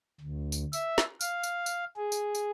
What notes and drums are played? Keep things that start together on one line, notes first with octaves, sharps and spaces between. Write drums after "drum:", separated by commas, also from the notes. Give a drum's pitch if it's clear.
D2
drum: tambourine
E5, drum: tambourine
drum: snare
F5, drum: tambourine
drum: tambourine
drum: tambourine
G#4
drum: tambourine
drum: tambourine